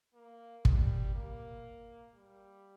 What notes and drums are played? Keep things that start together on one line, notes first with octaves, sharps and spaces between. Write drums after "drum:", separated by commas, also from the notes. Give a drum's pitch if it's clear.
A#3
G3, drum: kick
A#3
G3